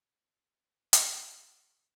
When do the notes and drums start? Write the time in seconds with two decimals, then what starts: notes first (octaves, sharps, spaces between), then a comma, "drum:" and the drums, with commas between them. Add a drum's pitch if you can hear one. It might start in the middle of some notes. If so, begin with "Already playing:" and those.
0.12 C4
0.52 C4
0.93 drum: hi-hat
1.32 B3